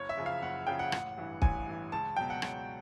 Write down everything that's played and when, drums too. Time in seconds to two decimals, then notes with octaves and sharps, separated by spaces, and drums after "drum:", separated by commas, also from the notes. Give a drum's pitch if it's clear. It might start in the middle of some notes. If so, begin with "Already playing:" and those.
Already playing: F#1 C#5
0.09 E5
0.17 F#2 C#3 F3
0.26 F5
0.42 F#1 F#5
0.67 F#2 C#3 F3 G5
0.79 F#5
0.92 A1, drum: rim click
1.18 G2 E3
1.42 A1 G#5, drum: kick
1.67 G2 E3
1.92 C#2 A5
2.16 B2 F#3 G5
2.30 F#5
2.42 C#2, drum: rim click